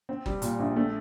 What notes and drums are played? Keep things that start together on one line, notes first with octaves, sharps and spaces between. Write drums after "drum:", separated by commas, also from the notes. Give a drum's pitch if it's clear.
C4
G3, drum: kick G1
A#2, drum: hi-hat
A#1
A3